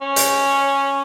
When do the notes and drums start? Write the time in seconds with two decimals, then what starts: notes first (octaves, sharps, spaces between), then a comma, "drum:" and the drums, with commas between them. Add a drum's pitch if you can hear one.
0.02 C#4
0.16 drum: hi-hat